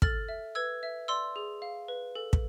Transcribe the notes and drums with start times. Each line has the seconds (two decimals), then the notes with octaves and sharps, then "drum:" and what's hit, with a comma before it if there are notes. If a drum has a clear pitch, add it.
0.02 A4 F6 A6, drum: kick
0.29 E5
0.55 B4 E6 G#6
0.83 E5
1.08 D5 C6 E6
1.36 G#4
1.62 F5
1.88 B4
2.16 A4
2.33 drum: kick